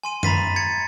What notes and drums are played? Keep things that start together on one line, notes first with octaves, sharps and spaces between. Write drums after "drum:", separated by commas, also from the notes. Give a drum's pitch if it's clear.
G#5 C6 D#7
A#5 B5 A6 B6 C7 D#7, drum: tom F#2
G#6 A6 C#7